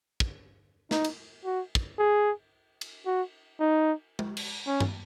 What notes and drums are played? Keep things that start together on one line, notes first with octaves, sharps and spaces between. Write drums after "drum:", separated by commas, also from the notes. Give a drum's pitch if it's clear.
drum: kick
D#4, drum: snare
drum: cymbal
F#4
drum: kick
G#4
drum: cymbal
F#4
D#4
drum: tom
drum: cymbal
C#4
drum: tom G2